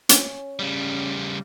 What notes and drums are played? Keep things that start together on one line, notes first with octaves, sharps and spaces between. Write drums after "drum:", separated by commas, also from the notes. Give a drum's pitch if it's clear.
C#4, drum: hi-hat
C#3 G3